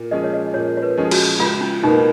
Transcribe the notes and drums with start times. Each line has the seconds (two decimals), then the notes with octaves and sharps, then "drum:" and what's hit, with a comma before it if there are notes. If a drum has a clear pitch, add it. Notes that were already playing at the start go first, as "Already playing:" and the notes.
Already playing: A#2
0.11 F3 G#3 C#4 G#4 D#5
0.24 C#5
0.34 D#5
0.54 A#2 C#5
0.77 C#5
0.82 B4
0.98 F3 G#3 C#4 G#4
1.11 F#4, drum: cymbal
1.40 C#2 F4
1.61 C#4
1.82 B2 A#3 D#4